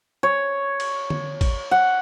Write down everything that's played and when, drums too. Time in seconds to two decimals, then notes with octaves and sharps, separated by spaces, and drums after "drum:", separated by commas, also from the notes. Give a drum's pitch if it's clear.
0.23 C#5
0.80 drum: cymbal
1.10 drum: tom D3
1.41 drum: kick, cymbal
1.71 F#5